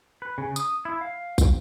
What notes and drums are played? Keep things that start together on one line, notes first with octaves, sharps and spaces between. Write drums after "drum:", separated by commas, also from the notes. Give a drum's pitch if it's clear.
B4
C#3
D#6, drum: tambourine
E4
F5
drum: kick, tambourine